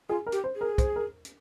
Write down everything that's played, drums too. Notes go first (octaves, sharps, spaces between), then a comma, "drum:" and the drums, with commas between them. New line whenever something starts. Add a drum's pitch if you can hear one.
F4 G#4
A#4
G4, drum: hi-hat
C5
G#4
A#4
C5, drum: kick, hi-hat
A#4
drum: hi-hat